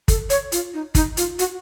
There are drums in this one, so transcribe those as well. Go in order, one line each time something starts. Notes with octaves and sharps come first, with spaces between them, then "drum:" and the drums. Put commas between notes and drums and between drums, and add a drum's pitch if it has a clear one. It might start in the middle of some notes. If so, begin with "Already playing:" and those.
A4, drum: kick, hi-hat
C#5, drum: hi-hat
F4, drum: hi-hat
D#4
D#4, drum: kick, hi-hat
F4, drum: hi-hat
F#4, drum: hi-hat